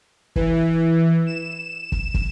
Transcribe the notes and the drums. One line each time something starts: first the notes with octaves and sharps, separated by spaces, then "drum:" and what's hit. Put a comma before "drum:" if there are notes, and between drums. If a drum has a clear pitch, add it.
E3, drum: kick
E7
drum: kick
drum: kick